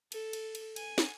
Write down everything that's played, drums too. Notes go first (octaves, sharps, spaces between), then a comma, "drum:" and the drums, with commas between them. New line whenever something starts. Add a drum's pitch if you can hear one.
A4, drum: cymbal
drum: cymbal
drum: cymbal
G#5, drum: cymbal
drum: snare